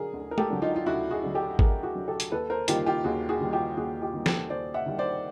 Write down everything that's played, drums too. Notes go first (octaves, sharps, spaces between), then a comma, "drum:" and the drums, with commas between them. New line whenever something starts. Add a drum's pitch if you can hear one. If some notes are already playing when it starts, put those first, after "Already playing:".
Already playing: D3 F#3 G#4 A#4
D2
A#4
G4 A4, drum: tom G#3
D3 F#3
D#4 F4
F4
D2 E4 F#4
F#4 G#4
D3 F#3
G4 A4
D2 G#4 A#4, drum: kick G#1
F#4 G#4
D3 F#3
G4 A4
drum: hi-hat
D#2 A4 B4
A#4 C5
D#3 G3 A#3 F4 G4, drum: hi-hat
F4 G4
D#2 F#4 G#4
F#4 G#4
D#3 G3 A#3
F4 G4
D#2 F#4 G#4
F4 G4
D#3 G3 A#3
G4 A4, drum: snare
D#2 C5 D5
E5 F#5
D#3 G3 A#3
C5 D5